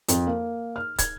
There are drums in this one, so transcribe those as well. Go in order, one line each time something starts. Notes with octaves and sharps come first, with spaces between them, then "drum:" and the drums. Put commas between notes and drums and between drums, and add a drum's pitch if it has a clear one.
F2, drum: hi-hat
A#3
F6
G#6, drum: kick, hi-hat